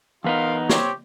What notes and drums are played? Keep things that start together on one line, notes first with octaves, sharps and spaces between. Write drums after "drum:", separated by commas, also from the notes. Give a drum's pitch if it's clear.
E2 B3 D#4 F4 A#4 F5
C4 G4 C#5, drum: snare